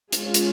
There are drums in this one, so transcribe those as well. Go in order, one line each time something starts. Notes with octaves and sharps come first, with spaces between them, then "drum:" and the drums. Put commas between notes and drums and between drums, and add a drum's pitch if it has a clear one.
G#3 C#4 F4 G#4, drum: hi-hat
drum: hi-hat